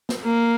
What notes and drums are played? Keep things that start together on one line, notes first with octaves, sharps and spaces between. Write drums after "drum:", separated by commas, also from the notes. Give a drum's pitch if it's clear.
drum: snare
A#3